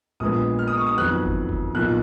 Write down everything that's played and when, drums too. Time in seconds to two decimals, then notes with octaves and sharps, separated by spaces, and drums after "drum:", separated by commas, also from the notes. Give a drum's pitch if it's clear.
0.20 A#1 A#2 G#3 B3 D#6
0.59 F6
0.68 D#6
0.77 C#6
0.87 D#6
0.97 F2 D#3 F#3 B3 F#6
1.23 drum: kick F#1
1.49 drum: kick F#1
1.75 B1 A#2 F3 F#6